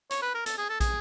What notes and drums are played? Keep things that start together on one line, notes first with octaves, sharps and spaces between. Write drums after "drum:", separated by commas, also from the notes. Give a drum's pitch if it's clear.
C#5, drum: hi-hat
B4
A#4
A4, drum: hi-hat
G#4
A4
G#4, drum: kick, hi-hat